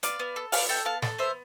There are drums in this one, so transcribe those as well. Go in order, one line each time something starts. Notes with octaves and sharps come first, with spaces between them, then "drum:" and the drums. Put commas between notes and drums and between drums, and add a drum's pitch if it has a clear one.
B3 D5 F5, drum: hi-hat
B3
A4
B3 D5 F5, drum: open hi-hat
A4 E5 G5
B3 F5 A5
A4, drum: snare
B3 C5 E5